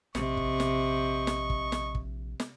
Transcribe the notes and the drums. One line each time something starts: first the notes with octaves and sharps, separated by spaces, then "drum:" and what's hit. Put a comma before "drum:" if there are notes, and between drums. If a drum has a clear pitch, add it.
A#1 C3 D#5 C#6, drum: snare
drum: kick
drum: snare
drum: snare
drum: kick
drum: snare
drum: kick
drum: snare